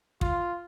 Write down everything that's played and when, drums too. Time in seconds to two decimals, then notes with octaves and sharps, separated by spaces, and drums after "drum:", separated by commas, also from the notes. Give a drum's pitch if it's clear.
0.21 F4, drum: kick